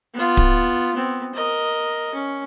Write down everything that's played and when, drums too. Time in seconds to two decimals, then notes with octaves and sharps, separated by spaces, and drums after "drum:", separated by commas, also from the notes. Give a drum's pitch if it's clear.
0.14 B3 F4
0.37 drum: kick D1
0.94 B3 C4
1.34 A#4 D#5
2.14 C#4